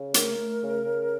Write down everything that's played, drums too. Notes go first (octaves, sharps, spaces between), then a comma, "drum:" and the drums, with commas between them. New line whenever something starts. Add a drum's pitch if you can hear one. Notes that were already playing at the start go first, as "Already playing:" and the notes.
Already playing: C#3
A3 A#4, drum: hi-hat
A3
C#3
C#3